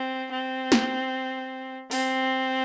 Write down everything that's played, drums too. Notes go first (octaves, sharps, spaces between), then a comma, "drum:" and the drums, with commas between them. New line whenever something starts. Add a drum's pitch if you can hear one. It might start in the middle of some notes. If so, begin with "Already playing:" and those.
Already playing: C4
C4
drum: snare
C4, drum: open hi-hat